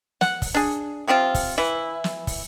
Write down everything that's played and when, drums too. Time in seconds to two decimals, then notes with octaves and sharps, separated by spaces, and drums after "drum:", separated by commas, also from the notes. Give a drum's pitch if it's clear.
0.21 F#5, drum: snare
0.42 drum: kick, open hi-hat
0.54 D4 G#4
1.07 C3 F3 C4 F4
1.34 drum: kick, open hi-hat
1.58 E3 E4
2.04 drum: snare
2.27 drum: kick, open hi-hat